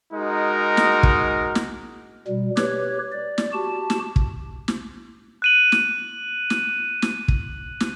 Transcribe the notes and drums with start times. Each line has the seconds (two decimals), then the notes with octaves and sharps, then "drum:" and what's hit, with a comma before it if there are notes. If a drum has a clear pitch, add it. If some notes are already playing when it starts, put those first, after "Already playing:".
0.13 G#3 D#4 F#4 A#4
0.77 drum: snare
1.03 drum: kick
1.55 drum: snare
2.28 B2 G3
2.57 G4 B4 C#5, drum: snare
3.12 D5
3.38 drum: snare
3.53 F#4 G4 A5
3.90 drum: snare
4.16 drum: kick
4.68 drum: snare
5.42 F#6 D#7 F#7
5.72 drum: snare
6.50 drum: snare
7.02 drum: snare
7.28 drum: kick
7.80 drum: snare